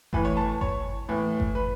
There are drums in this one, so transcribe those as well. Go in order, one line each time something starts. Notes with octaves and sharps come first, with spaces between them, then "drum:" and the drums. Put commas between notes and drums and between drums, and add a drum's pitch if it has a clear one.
A2 E3 B4, drum: kick G1
C#5
A5
C#5, drum: kick G1
A2 E3
drum: kick G1
B4